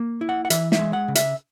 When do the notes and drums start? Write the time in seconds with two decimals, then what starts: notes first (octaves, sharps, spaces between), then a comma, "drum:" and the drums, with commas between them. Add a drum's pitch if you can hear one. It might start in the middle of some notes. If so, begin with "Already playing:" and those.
Already playing: A#3
0.21 E4
0.29 F#5
0.45 F#5
0.50 E3 E5, drum: hi-hat
0.72 E5, drum: snare
0.79 G#3
0.93 F#5
1.08 C#3
1.15 E5, drum: hi-hat